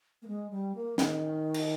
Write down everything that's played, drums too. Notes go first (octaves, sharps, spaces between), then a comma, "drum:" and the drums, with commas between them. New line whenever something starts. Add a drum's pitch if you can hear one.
A#3
G#3
G3
A#3
D#3, drum: snare
drum: cymbal